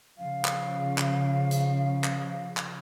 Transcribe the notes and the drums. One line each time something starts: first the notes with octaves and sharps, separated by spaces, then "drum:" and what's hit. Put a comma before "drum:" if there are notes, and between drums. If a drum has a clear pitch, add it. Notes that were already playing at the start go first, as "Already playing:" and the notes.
C#3 F3 F5
drum: clap
drum: clap
drum: hi-hat
drum: clap
drum: clap